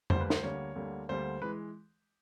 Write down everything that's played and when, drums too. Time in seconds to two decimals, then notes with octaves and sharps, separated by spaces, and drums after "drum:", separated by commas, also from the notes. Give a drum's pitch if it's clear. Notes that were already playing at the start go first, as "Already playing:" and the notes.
0.10 D2 D3 G3 A#3 C5, drum: tom F2
0.20 B4
0.30 C5, drum: snare
0.43 D2 D3 G3 A#3 C#5
0.75 D2 D3 G3 A#3
1.09 D2 D3 G3 A#3 C5
1.42 E3 G#3 B4